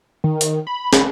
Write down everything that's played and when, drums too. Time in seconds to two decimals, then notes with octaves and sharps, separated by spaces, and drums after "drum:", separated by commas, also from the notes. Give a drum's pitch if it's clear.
0.24 D#3
0.41 drum: hi-hat
0.67 B5
0.93 drum: snare